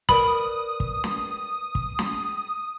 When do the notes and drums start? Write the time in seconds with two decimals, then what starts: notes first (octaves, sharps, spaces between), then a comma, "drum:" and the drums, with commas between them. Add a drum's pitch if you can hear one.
0.09 A#4 B4 D5 B5 D#6, drum: kick
0.80 drum: kick
1.04 drum: snare
1.75 drum: kick
1.99 drum: snare